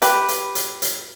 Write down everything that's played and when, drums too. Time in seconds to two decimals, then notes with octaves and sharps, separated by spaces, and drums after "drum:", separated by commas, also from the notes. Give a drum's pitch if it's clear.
0.02 G4 B4, drum: hi-hat
0.28 drum: hi-hat
0.55 drum: hi-hat
0.82 drum: hi-hat